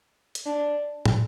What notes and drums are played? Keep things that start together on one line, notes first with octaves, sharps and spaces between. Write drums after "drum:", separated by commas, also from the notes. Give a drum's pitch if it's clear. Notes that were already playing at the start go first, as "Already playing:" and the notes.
drum: hi-hat
D4
drum: tom